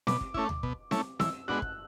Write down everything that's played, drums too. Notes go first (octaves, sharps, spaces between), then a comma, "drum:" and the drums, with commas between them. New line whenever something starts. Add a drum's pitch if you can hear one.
B2 D6, drum: snare C4
drum: kick
A3 C#4 E4, drum: kick
drum: tom D2
B2, drum: kick
A3 C#4 E4, drum: snare C4
E3 E6, drum: snare C4
G#3 B3 D4 F#4 F#6
drum: kick